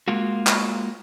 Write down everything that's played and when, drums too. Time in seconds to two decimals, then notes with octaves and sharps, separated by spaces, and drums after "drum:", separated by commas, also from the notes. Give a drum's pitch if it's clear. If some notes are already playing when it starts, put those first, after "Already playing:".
0.08 G#3 A#3 F4 F#4
0.47 drum: clap